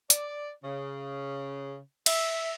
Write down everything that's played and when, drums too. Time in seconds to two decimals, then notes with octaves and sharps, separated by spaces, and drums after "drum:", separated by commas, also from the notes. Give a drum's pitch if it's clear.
0.10 D5, drum: hi-hat
0.64 C#3
2.06 E5, drum: cymbal